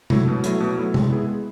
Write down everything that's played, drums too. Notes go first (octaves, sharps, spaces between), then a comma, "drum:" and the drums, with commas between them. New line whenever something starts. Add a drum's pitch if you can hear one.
F#3 A3 E4, drum: tom C3
B2
F#3 A3 E4, drum: hi-hat
B2
F#3 A3 E4
G#3, drum: tom C3
B3 E4 G#4
G#3